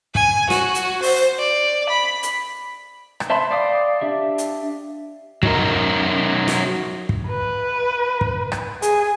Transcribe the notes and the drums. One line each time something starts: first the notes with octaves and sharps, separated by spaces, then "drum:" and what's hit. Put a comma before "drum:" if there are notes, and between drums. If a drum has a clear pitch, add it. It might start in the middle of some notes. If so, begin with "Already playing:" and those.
G#5, drum: kick
F#4, drum: snare
drum: hi-hat
C5, drum: open hi-hat
D5
B5
drum: hi-hat
drum: rim click
C5 E5 A5 B5 C6
D5 F5 G5 D6 D#6
D4 G4 E5
drum: hi-hat
F#3 D#4 A#4, drum: kick
drum: snare
drum: kick
B4
drum: kick
drum: rim click
G#4, drum: hi-hat